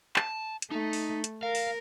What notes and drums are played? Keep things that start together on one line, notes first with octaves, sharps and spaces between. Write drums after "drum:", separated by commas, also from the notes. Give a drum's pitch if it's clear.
A5, drum: clap
drum: hi-hat
A3 D#4
drum: open hi-hat
drum: hi-hat
A#4 F5
drum: open hi-hat